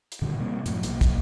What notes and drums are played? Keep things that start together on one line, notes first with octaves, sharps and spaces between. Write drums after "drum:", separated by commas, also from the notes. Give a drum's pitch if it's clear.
drum: hi-hat
G2 A#2 D3 D#3
C3 G3 A#3
F#2 A2 F3, drum: hi-hat
B1 A#3, drum: hi-hat
drum: kick, hi-hat